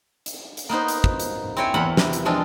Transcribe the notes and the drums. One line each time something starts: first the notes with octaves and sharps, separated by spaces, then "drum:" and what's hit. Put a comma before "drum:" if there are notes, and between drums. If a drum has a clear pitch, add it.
drum: hi-hat
drum: hi-hat
A#3 B3 D#4 C5
drum: hi-hat
drum: kick
drum: hi-hat
C4 E4 C#5 E5 G5 G#5
E2 A#3 F#5 B5
C3, drum: snare
drum: hi-hat
F3 G#3 C4 D4 F4